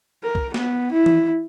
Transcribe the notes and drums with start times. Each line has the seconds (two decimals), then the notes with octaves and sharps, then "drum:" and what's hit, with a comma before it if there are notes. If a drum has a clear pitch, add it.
0.23 A#4
0.35 drum: kick
0.54 B3, drum: snare
0.92 E4
1.06 drum: tom E3